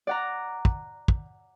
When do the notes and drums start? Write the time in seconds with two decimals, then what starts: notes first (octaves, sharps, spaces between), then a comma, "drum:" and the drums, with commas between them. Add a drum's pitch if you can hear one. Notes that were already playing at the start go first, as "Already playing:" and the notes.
0.07 D5 F#5 A#5
0.65 drum: kick
1.08 drum: kick